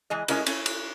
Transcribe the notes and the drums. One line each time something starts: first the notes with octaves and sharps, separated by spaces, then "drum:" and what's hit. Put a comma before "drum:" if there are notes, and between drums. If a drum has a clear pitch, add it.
E3 G#3 D#5
G#3 C#4 E4 A#4 D#5, drum: cymbal
C#4 E4, drum: cymbal
drum: cymbal